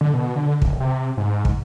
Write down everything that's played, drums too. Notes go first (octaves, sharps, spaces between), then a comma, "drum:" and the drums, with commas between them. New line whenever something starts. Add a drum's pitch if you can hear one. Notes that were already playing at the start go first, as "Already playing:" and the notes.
D3
B2
D3
D1, drum: kick
C3
G#2
drum: kick